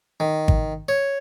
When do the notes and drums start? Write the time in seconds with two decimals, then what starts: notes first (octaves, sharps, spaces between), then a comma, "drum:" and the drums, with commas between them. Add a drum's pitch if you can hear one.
0.20 D#3
0.48 drum: kick G#1
0.89 C#5